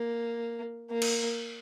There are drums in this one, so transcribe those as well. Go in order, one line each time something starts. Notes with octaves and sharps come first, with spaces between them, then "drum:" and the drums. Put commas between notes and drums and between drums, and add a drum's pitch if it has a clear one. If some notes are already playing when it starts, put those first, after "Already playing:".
Already playing: A#3
A#3
drum: cymbal